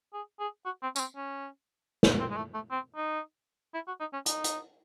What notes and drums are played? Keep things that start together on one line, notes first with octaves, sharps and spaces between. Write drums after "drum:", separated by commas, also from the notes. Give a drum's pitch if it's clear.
G#4
G#4
F#4
C4
C#4, drum: tambourine
C4
C#4
drum: snare
C4
G#3
A3
A3
C4
D#4
E4
F#4
D#4
C#4
D#4, drum: hi-hat
drum: hi-hat